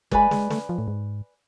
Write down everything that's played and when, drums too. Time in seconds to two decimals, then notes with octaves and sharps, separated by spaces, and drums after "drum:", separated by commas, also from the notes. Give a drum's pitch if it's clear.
0.11 G#3 B4 D5 G#5 B5, drum: kick G1
0.31 G#3, drum: snare
0.50 A3, drum: snare
0.69 F3
0.78 A2
0.88 G#2